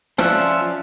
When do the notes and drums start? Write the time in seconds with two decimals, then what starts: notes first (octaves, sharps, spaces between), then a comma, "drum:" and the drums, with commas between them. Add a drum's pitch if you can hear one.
0.18 F3 C#4 C5 D5 E5 A5 F#6, drum: rim click